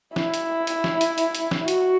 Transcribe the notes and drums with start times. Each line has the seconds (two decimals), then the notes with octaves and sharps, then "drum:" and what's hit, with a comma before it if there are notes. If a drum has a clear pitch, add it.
0.16 E4, drum: snare
0.34 drum: hi-hat
0.67 drum: hi-hat
0.84 drum: snare
1.01 drum: hi-hat
1.18 drum: hi-hat
1.35 drum: hi-hat
1.51 drum: snare
1.68 F#4, drum: hi-hat